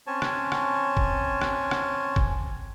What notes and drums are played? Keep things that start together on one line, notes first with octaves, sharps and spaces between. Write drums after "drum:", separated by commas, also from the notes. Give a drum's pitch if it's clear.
C4 C#4 C#5 G#5 A5
drum: rim click
drum: rim click
drum: kick
drum: rim click
drum: rim click
drum: kick